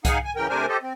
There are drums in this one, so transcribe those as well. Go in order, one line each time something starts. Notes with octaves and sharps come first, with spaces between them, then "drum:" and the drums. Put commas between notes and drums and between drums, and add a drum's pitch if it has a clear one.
D#4 G#4 F5 F#5 G#5, drum: kick C2, hi-hat
G#5
C#3 E3 A#4 G5
C3 A3 D4 A#4 C5 G#5
G4 A4 C5 D#5
C4